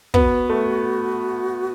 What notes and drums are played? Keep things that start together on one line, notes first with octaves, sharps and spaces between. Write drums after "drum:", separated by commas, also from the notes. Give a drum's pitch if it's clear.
B3 F#4, drum: kick
A3